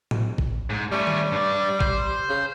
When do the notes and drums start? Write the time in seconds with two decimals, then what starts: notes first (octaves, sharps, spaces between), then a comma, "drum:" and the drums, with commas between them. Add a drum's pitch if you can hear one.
0.11 drum: tom A2
0.38 drum: kick
0.70 G#2
0.92 G3 A3 C#4
1.07 drum: tom D#3
1.32 G2 D5
1.81 C5, drum: kick
2.29 C#3